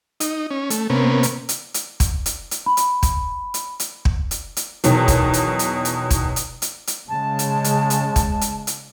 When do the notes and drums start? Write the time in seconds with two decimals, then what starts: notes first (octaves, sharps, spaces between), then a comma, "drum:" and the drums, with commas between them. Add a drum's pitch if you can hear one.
0.20 D#4, drum: hi-hat
0.51 C#4
0.70 A3, drum: hi-hat
0.90 C3 A#3 B3 C#4
1.23 drum: hi-hat
1.49 drum: hi-hat
1.74 drum: hi-hat
2.00 drum: kick, hi-hat
2.26 drum: hi-hat
2.51 drum: hi-hat
2.66 B5
2.77 drum: hi-hat
3.03 drum: kick, hi-hat
3.54 drum: hi-hat
3.80 drum: hi-hat
4.05 drum: kick
4.31 drum: hi-hat
4.57 drum: hi-hat
4.84 E2 B2 D#3 F#3, drum: hi-hat
5.08 drum: kick, hi-hat
5.34 drum: hi-hat
5.59 drum: hi-hat
5.85 drum: hi-hat
6.10 drum: kick, hi-hat
6.36 drum: hi-hat
6.62 drum: hi-hat
6.87 drum: hi-hat
7.09 C#3 G#3 A5
7.39 drum: hi-hat
7.64 drum: hi-hat
7.90 drum: hi-hat
8.16 drum: kick, hi-hat
8.41 drum: hi-hat
8.67 drum: hi-hat